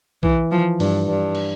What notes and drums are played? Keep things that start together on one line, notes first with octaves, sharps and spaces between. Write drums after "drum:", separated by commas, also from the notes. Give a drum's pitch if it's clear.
E3, drum: kick
F3
G2, drum: open hi-hat
G2
drum: cymbal